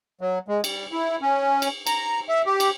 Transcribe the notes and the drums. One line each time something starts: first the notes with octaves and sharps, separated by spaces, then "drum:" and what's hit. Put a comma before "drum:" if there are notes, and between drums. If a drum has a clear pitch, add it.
F#3
G#3
G3, drum: cymbal
E4
C#4
drum: cymbal
A#5, drum: cymbal
E5
G4
drum: cymbal